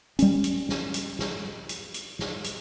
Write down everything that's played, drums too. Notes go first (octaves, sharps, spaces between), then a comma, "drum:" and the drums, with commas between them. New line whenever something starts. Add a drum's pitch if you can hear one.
G3 C#4, drum: hi-hat
drum: hi-hat
drum: snare
drum: hi-hat
drum: snare
drum: hi-hat
drum: hi-hat
drum: snare
drum: hi-hat